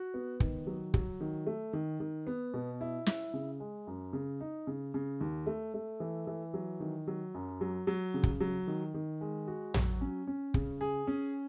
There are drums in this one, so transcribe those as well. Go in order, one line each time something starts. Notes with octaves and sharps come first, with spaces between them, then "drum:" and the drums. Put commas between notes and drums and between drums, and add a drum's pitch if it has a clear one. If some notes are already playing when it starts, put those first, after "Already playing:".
Already playing: F#4
B3
D#3, drum: kick
F#3
F#3, drum: kick
D#3
A3
D#3
D#3
B3
B2
E4
E4, drum: snare
C#3
G#3
F#2
C#3
D#4
C#3
C#3
D#2
A3
A3
E3
E3
F#3
D#3
F#3
F#2
F#3
F#3
C#3
drum: kick
F#3
D#3
D#3
G#3
F#4
F#3, drum: tom
C#4
C#4
C#3, drum: kick
G#4
C#4